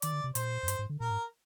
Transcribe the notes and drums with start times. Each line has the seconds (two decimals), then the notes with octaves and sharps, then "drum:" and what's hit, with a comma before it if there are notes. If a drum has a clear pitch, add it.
0.02 D#3 D5, drum: hi-hat
0.13 D3
0.24 C3
0.35 A#2 C5, drum: hi-hat
0.63 F2
0.68 G2, drum: hi-hat
0.79 G#2
0.89 D3
1.00 A#2 A#4
1.10 G#2